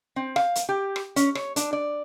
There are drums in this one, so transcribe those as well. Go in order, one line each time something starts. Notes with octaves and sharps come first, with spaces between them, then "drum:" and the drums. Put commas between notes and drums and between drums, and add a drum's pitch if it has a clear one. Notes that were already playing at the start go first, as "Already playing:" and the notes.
C4
F5, drum: rim click
drum: hi-hat
G4
drum: rim click
C#4, drum: hi-hat
C#5, drum: rim click
D4, drum: hi-hat
D5